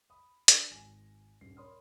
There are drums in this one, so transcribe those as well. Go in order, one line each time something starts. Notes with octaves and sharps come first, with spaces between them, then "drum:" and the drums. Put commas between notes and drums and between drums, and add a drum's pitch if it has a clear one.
B5 D#6
D4 F#4, drum: hi-hat
G#1 G#5 A#6
D#1 G2 C7
A#4 C#5 B5 C6 D#6 F6